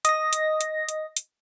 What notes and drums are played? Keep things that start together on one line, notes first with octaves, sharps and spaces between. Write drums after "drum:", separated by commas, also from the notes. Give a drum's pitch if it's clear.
D#5 A#6, drum: hi-hat
drum: hi-hat
drum: hi-hat
drum: hi-hat
drum: hi-hat